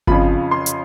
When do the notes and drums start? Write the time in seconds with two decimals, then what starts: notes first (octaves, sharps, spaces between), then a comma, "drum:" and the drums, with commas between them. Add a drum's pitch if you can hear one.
0.07 F2 C#3 F3 B5, drum: kick G1
0.51 C6
0.66 drum: hi-hat